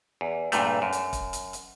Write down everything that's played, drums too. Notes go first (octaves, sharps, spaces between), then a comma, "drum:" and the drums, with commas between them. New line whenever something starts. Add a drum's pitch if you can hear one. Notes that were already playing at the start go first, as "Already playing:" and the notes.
E2
E2 G2 A#2 A3, drum: hi-hat
F#2
drum: hi-hat
drum: kick, hi-hat
drum: hi-hat
drum: hi-hat